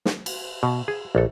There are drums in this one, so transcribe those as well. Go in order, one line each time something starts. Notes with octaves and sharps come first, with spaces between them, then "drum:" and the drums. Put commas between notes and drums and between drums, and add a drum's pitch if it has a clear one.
drum: snare
drum: cymbal
B2
G#4
A#1 A4